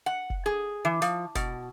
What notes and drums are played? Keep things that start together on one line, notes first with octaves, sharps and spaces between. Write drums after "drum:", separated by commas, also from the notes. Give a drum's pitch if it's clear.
F#5
drum: kick
G#4
E3
F3, drum: hi-hat
B2, drum: kick, hi-hat